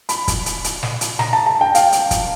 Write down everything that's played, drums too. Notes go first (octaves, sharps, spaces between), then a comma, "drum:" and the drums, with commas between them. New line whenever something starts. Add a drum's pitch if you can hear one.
B5, drum: hi-hat
drum: kick, hi-hat
drum: hi-hat
drum: hi-hat
drum: snare
drum: hi-hat
A#5, drum: snare
A5
A5
G5
F5, drum: hi-hat
drum: hi-hat
drum: kick, hi-hat